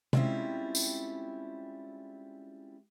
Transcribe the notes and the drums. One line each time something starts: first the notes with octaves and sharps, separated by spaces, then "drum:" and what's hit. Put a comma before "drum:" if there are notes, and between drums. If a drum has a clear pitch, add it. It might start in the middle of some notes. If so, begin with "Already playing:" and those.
G3 G#3 C4 C#4 E4 F4, drum: tom C3
drum: tambourine